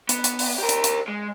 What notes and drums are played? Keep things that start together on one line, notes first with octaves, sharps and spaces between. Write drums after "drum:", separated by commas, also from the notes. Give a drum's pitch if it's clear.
B3, drum: hi-hat
drum: hi-hat
drum: open hi-hat
G4 A#4
drum: hi-hat
drum: hi-hat
G#3